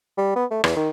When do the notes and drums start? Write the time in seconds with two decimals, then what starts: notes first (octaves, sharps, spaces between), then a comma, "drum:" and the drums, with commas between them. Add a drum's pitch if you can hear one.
0.18 G3
0.36 B3
0.51 A3
0.64 E2, drum: rim click
0.76 D#3